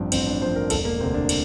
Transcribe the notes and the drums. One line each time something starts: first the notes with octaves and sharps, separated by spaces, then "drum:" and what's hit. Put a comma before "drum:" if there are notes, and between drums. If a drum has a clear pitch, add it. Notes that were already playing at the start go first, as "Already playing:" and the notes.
Already playing: A1 G2 F3 C4
A1 C4, drum: cymbal
D4
G2 F3 C5
A#4
E1 A4, drum: cymbal
A#3
D2 C3 C4
D4
drum: cymbal